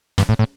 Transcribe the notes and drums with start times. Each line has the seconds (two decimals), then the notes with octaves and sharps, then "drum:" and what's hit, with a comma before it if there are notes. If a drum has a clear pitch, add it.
0.18 G2, drum: snare
0.29 A2
0.39 A2